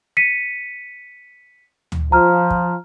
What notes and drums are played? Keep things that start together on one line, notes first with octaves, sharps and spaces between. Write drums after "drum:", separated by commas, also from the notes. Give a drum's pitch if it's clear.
B6 C#7 D#7
drum: tom D2
F3 A#5 F6
drum: kick